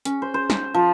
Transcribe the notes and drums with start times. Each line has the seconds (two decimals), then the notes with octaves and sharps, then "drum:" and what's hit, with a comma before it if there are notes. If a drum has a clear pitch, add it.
0.05 C#4, drum: hi-hat
0.22 C5
0.34 C5
0.50 drum: snare
0.74 F3